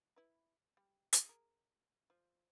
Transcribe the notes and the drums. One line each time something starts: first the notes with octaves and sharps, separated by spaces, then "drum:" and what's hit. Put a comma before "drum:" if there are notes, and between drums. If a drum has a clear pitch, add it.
E4 B4
G3
drum: hi-hat
G#4 A#4
F3